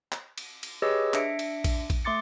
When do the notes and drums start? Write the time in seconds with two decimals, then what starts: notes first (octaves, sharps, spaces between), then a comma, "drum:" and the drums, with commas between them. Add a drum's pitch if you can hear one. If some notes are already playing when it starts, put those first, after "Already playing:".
0.12 drum: clap
0.38 drum: cymbal
0.63 drum: cymbal
0.82 G4 G#4 B4 C#5 D#5 E6
1.14 D4 E5 A#6 C#7 D7, drum: clap
1.39 drum: cymbal
1.64 drum: kick A#1, cymbal
1.90 drum: kick A#1, cymbal
2.05 A3 C6 D6 A6 C#7